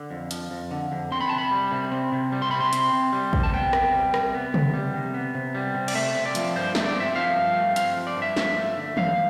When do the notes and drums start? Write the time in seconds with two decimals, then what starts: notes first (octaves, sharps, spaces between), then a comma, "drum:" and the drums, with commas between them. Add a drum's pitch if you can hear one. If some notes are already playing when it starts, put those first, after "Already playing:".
Already playing: D3
0.11 F2
0.31 F3, drum: hi-hat
0.51 F2
0.71 D3
0.92 F2
1.12 C4 C6
1.21 B5
1.29 C3 A5
1.38 B5
1.52 G3
1.72 C3
1.92 C4
2.12 C3
2.32 G3
2.42 C6
2.51 C3 B5
2.60 C6
2.73 C4, drum: hi-hat
2.93 C3
3.12 G3
3.33 C3, drum: kick
3.43 A5
3.53 B3 G5
3.73 C3, drum: rim click
3.94 G3
4.14 C3, drum: rim click
4.34 B3
4.54 C3, drum: tom
4.74 G3
4.94 C3
5.14 B3
5.35 C3
5.55 G3
5.75 C3
5.88 D5, drum: cymbal
5.95 A3 E5
6.15 C4
6.25 D5
6.35 F3, drum: hi-hat
6.55 G2 C5
6.75 A3, drum: snare
6.86 D5
6.95 C4 E5
7.16 F3 F5
7.36 G2
7.56 A3
7.76 C4 F5, drum: hi-hat
7.97 F3
8.07 D5
8.17 G2 E5
8.37 F3, drum: snare
8.57 A3
8.77 D3
8.97 G2 F5, drum: tom